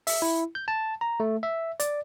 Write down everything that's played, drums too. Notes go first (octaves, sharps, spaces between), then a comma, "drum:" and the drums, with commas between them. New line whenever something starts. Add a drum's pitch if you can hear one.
E5, drum: open hi-hat
E4
G6
A5
A#5
A3
E5
D5, drum: hi-hat